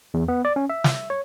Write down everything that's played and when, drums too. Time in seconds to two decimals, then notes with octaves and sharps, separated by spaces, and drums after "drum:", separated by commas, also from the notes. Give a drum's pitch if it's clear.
0.14 E2
0.28 B3
0.45 D5
0.56 C#4
0.70 E5
0.84 drum: snare
1.10 C#5